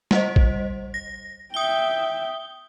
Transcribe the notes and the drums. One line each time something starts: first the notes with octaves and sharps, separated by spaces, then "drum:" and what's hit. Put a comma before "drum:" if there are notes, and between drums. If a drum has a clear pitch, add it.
G3 C5 D#5, drum: snare
drum: kick
A#6
E5 G5 D#6 G7